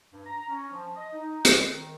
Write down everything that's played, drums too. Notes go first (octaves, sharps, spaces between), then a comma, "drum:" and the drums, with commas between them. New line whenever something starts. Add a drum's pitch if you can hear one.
G2
A#5
C#4
F3
D#5
D#4
D#5, drum: hi-hat
D#3